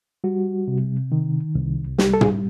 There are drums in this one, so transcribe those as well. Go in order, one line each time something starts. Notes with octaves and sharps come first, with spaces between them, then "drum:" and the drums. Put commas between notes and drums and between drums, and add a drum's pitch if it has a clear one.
G3 F#4
C3
D#3
C2
G3 G4, drum: snare
A4
G#4, drum: tom